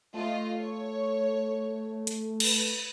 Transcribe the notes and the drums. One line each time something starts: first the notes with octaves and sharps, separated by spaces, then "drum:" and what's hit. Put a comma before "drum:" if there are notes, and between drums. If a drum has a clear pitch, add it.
A3 F4 D#5
C#5
drum: hi-hat
B4, drum: cymbal